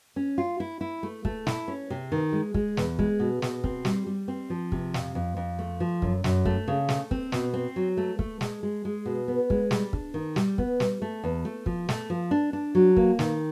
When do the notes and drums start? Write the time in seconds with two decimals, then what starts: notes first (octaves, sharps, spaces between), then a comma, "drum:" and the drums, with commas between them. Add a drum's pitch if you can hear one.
0.16 C#4
0.38 F4
0.60 E4
0.81 E4
1.03 A3
1.25 A3, drum: kick
1.47 E4, drum: snare
1.68 C#4
1.90 C3
2.12 D#3
2.33 G#3
2.54 G#3, drum: kick
2.77 E2, drum: snare
2.99 G#3, drum: kick
3.20 B2
3.42 B2, drum: snare
3.64 C4, drum: kick
3.85 G3, drum: snare
4.06 G3
4.28 C4
4.50 F3
4.72 C3, drum: kick
4.94 F2, drum: snare
5.15 F2
5.37 F2
5.59 A3
5.80 F3
6.02 F#2, drum: kick
6.24 F#2, drum: snare
6.45 A3, drum: kick
6.68 C#3
6.89 A3, drum: snare
7.11 C4, drum: kick
7.32 B2, drum: snare
7.54 C4
7.76 F#3
7.97 A3
8.19 A3, drum: kick
8.41 G#3, drum: snare
8.63 G#3
8.85 G#3
9.05 B2
9.28 B3
9.50 G#3, drum: kick
9.71 G3, drum: snare
9.93 D4, drum: kick
10.14 D#3
10.36 G3, drum: snare
10.58 B3, drum: kick
10.80 G3, drum: snare
11.02 A3
11.24 E2
11.45 A3
11.66 F3, drum: kick
11.89 A3, drum: snare
12.10 F3
12.31 D4
12.53 D4
12.75 F#3
12.97 A#3, drum: kick
13.19 D#3, drum: snare